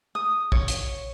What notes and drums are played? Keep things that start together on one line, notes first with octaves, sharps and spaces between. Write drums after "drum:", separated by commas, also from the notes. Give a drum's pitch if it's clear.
D#6
C#5, drum: kick
drum: hi-hat